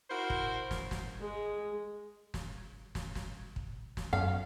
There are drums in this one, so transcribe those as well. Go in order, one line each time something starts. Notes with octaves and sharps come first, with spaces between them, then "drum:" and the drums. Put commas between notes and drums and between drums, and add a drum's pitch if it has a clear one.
E4 F#4 A#4 C5
drum: kick
drum: snare
drum: snare
G#3
drum: snare
drum: snare
drum: snare
drum: kick
drum: snare
F#2 F5